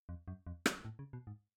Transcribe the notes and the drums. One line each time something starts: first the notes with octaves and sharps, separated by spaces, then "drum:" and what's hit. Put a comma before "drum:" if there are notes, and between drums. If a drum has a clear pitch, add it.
F2
F#2
F2
drum: rim click
A2
C#3
B2
G#2